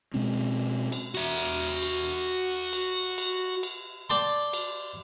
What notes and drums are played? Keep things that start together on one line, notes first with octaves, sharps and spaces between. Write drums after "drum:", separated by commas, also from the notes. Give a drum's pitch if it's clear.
B2 G#3 C4 C#4
drum: cymbal
F#4 E5
drum: cymbal
drum: cymbal
drum: cymbal
drum: cymbal
drum: cymbal
D5 G5 A5 C6
drum: cymbal